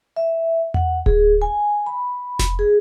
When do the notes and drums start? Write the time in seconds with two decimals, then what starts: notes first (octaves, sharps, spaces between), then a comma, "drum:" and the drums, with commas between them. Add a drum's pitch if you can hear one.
0.16 E5
0.74 F#5, drum: tom E2
1.06 G#4, drum: kick D1
1.42 G#5
1.86 B5
2.39 drum: snare F1
2.59 G#4